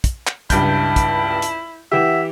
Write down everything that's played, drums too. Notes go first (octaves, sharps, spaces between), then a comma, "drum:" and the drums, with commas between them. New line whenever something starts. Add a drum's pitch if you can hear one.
drum: kick, hi-hat
drum: clap
C#2 G2 E4 A5 G6, drum: kick, hi-hat
drum: kick, hi-hat
drum: hi-hat
E3 G4 E5 F#5